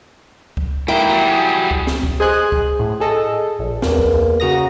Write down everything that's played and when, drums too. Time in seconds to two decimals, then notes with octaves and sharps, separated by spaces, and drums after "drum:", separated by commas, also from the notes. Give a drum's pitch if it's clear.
0.57 drum: kick C#2
0.88 G#2 E3 A#3 E4 G5
1.08 F#3 G3
1.31 G#4
1.71 drum: kick C#2
1.87 drum: snare
2.03 drum: kick C#2
2.20 G#4 C5 D#5 G#5 F#6
2.52 drum: kick C#2
2.79 A2
3.00 G#4 A4 D#5
3.59 A#1
3.82 E2 A#3, drum: snare
3.99 drum: kick C#2
4.40 C#3 F#4 A#5 D#6 A#6